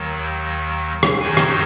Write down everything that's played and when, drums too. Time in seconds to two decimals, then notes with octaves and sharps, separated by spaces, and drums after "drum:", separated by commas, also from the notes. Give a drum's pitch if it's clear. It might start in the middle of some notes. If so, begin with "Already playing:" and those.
Already playing: D#2 D#3 F#3
1.03 drum: rim click
1.20 F#2 D#3 F#3 G#5
1.37 drum: rim click